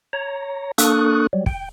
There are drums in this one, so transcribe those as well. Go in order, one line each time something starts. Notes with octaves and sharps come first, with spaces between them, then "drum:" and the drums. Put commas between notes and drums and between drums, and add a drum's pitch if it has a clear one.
C#5 A#5
A#3 D4 A4 C#6 D#6 F#6, drum: hi-hat
F#3 G3
G5, drum: kick